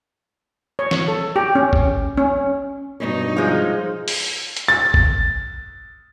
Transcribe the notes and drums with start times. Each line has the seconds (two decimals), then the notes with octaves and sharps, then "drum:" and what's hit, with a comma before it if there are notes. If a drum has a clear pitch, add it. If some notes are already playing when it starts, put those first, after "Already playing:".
0.79 C#5
0.91 drum: snare
1.08 A4
1.36 G4
1.55 C#4
1.73 drum: kick G#1
2.17 C#4
3.00 G2 B2 D#4 C#5
3.37 F3 G#3
4.08 drum: open hi-hat
4.57 drum: hi-hat
4.68 A6
4.94 drum: kick G#1